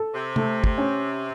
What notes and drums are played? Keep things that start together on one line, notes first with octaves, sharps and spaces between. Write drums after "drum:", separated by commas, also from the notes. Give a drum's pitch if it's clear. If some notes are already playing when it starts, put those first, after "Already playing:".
Already playing: A4
C3
A3, drum: tom
drum: kick
C#4